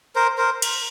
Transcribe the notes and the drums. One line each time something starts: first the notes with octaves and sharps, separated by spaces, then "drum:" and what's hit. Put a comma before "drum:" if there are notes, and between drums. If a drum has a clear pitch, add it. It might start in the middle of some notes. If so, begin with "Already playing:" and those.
A#4 C5
A#4 C5
drum: cymbal